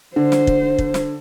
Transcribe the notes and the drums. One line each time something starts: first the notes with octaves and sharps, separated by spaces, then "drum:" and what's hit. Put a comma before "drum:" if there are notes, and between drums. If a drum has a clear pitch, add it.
D3 C5
drum: snare
drum: kick
drum: kick
drum: snare